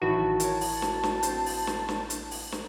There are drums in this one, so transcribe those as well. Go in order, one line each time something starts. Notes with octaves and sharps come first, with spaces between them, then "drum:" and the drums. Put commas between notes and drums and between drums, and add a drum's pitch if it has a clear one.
A1 D#3 F#3 E4 F#4 F#5 A5 B5
A#4 C#5, drum: hi-hat
drum: open hi-hat
drum: snare
drum: snare
C4 C5, drum: hi-hat
drum: open hi-hat
drum: snare
drum: snare
drum: hi-hat
drum: open hi-hat
drum: snare